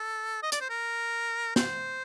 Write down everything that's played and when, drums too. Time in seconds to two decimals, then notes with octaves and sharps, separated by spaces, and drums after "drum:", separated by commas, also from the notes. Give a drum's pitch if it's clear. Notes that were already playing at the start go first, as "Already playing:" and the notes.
Already playing: A4
0.43 D#5
0.52 D5, drum: hi-hat
0.61 C5
0.69 A#4
1.56 C5, drum: snare